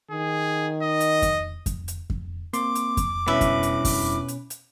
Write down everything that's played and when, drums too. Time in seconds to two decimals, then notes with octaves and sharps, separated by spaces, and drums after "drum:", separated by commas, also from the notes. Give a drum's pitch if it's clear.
0.11 D#3 G#4
0.83 D#5
1.00 drum: hi-hat
1.22 drum: kick F2, hi-hat
1.66 drum: kick F2, hi-hat
1.88 drum: hi-hat
2.10 drum: kick F2
2.53 A#3 C4 C6 D6, drum: hi-hat
2.75 drum: hi-hat
2.97 drum: kick F2, hi-hat
3.28 G2 B2 C#4 E4 B4 E5
3.41 drum: kick F2, hi-hat
3.63 drum: hi-hat
3.85 drum: kick F2, open hi-hat
4.28 drum: hi-hat
4.50 drum: hi-hat